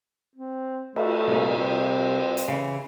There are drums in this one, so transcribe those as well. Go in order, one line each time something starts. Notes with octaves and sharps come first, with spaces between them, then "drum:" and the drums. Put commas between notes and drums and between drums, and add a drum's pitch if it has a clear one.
C4
A3, drum: cymbal
C2 A#2
C2 C4
drum: hi-hat
C#3 E3